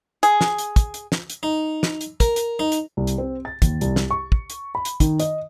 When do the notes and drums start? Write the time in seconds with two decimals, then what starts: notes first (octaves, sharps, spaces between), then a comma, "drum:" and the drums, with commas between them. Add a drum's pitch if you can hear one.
0.23 G#4, drum: hi-hat
0.41 drum: snare
0.58 drum: hi-hat
0.76 drum: kick, hi-hat
0.94 drum: hi-hat
1.12 drum: snare
1.30 drum: hi-hat
1.43 D#4
1.83 drum: snare
2.01 drum: hi-hat
2.20 A#4, drum: kick, hi-hat
2.36 drum: hi-hat
2.59 D#4
2.72 drum: hi-hat
2.97 C2
3.07 drum: hi-hat
3.18 C4
3.45 A6
3.62 D#2, drum: kick, hi-hat
3.81 C2, drum: hi-hat
3.96 drum: snare
4.11 C#6
4.32 drum: kick
4.50 drum: hi-hat
4.75 B5
4.85 drum: hi-hat
5.00 D#3, drum: kick, hi-hat
5.20 D#5, drum: hi-hat